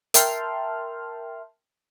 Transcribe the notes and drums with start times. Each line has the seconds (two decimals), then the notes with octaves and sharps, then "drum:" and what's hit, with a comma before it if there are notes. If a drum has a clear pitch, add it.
0.14 A#4 E5 G5 A5 C6 F6, drum: hi-hat